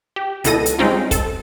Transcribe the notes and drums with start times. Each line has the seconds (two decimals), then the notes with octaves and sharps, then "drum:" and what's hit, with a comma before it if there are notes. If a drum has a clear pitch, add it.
0.16 G4
0.44 C#2 B2 E4 A4 A#6 D#7, drum: hi-hat
0.66 drum: hi-hat
0.79 G3 G#3 C4 C#4 D#4 F4
1.11 A4, drum: kick, hi-hat